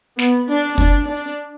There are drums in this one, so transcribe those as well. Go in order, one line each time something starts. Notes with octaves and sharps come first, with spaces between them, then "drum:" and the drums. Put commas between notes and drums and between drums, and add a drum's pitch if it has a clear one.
B3, drum: snare
D4
D4, drum: kick
D4